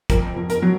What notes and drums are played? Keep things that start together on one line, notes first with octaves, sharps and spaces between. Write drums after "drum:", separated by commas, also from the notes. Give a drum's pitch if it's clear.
F2 A#4, drum: kick, hi-hat
F2
A#4, drum: hi-hat
F#3